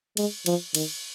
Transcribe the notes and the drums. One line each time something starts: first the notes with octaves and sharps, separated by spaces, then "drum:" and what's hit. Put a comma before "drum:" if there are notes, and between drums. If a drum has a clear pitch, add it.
G#3, drum: cymbal
F3, drum: cymbal
D#3, drum: cymbal